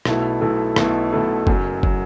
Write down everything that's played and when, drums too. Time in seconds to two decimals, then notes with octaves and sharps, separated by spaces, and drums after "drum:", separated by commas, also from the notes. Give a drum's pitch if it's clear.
0.05 B1 B2 A3 E4 A4, drum: rim click
0.41 B1 B2 A3 E4 A4
0.76 B1 B2 A3 E4 A4, drum: rim click
1.12 B1 B2 A3 E4 A4
1.47 F#1 F#2 F#3, drum: kick
1.83 F#3, drum: kick